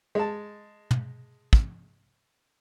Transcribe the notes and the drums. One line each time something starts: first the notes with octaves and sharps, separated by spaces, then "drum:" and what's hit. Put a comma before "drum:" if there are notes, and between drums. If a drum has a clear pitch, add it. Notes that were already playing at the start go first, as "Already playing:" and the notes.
G#3 A5
drum: tom
drum: kick